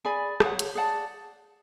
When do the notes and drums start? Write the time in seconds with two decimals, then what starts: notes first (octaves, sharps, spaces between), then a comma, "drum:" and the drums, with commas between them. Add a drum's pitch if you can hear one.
0.05 G#4 D5 G#5 B5
0.40 E4 G#4 C#5 F#5, drum: rim click
0.59 drum: hi-hat
0.75 G#4 D5 F#5 A5